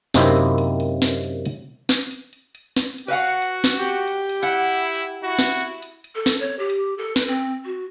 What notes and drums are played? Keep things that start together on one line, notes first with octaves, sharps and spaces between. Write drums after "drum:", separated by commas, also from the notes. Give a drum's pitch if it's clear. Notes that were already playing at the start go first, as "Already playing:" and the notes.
F#2 C3 A#3 C4 D#4 E4, drum: snare
drum: hi-hat
drum: hi-hat
drum: hi-hat
drum: snare
drum: hi-hat
drum: hi-hat
drum: snare
drum: hi-hat
drum: hi-hat
drum: hi-hat
drum: snare
drum: hi-hat
F#4 B4 F5 F#5
drum: hi-hat
drum: hi-hat
drum: snare
G4
drum: hi-hat
drum: hi-hat
E4 F#5
drum: hi-hat
drum: hi-hat
E4 F#4
drum: snare
drum: hi-hat
drum: hi-hat
drum: hi-hat
A4
drum: snare
C#5
G4
drum: hi-hat
A4
B4, drum: snare
C4
F#4